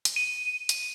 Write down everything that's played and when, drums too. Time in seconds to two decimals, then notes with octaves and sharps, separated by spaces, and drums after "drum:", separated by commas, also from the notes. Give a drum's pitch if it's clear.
0.05 drum: hi-hat
0.16 D#7
0.69 drum: hi-hat